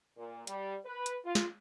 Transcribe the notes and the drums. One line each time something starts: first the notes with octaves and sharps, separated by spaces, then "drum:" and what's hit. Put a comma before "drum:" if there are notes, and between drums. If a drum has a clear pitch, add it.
A#2
G3, drum: hi-hat
B4
drum: hi-hat
F4
drum: snare